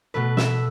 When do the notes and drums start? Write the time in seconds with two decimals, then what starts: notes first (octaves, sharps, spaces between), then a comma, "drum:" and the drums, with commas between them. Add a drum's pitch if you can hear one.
0.14 B2 A3 B4
0.37 E5, drum: snare